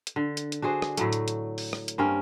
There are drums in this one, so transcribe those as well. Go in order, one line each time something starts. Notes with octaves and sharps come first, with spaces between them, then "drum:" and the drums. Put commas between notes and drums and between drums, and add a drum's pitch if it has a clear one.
drum: hi-hat
D3
drum: hi-hat
drum: hi-hat
D4 F#4 G#4 C5
drum: rim click
A2 F#3 A3, drum: hi-hat
drum: hi-hat
drum: hi-hat
drum: open hi-hat
drum: rim click
drum: hi-hat
G2 A#3 C4 C#4